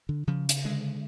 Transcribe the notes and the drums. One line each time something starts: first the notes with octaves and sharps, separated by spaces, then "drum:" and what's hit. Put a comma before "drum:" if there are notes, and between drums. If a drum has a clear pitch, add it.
D3
C#3 F3
drum: hi-hat
D3 G#3